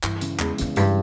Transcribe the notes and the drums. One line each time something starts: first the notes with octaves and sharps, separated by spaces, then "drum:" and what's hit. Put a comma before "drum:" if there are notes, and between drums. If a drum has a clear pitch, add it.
G2 E3, drum: clap
C#3, drum: hi-hat
E2 G#3, drum: clap
E2 C#3, drum: hi-hat
G2 E3, drum: hi-hat